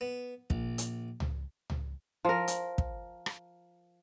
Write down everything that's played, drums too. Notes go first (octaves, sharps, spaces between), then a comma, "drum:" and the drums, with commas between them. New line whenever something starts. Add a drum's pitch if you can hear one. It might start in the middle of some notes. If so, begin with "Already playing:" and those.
B3
A#1, drum: kick
drum: hi-hat
drum: tom C#2
drum: tom C#2
F3 A#4
drum: hi-hat
drum: kick
drum: rim click